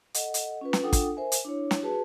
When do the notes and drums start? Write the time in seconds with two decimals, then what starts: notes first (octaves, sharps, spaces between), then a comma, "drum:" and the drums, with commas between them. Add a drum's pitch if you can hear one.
0.14 A4 D#5 F#5, drum: hi-hat
0.34 drum: hi-hat
0.61 C#4 F4 B4
0.73 drum: snare
0.83 D4 F4 A4 F#5 G5 D#6
0.93 drum: kick, hi-hat
1.17 A#4 C5 E5 G#5
1.32 drum: hi-hat
1.45 D4 E4 C#5
1.71 drum: snare
1.82 F#4 G#4 B4 A5